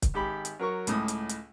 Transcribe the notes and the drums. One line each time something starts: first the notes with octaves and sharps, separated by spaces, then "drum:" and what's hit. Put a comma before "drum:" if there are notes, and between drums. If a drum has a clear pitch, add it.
drum: kick, hi-hat
G#1 G4 B5
drum: hi-hat
F#3 A#4 C#6
C#2 A2 D#6, drum: hi-hat
drum: hi-hat
drum: hi-hat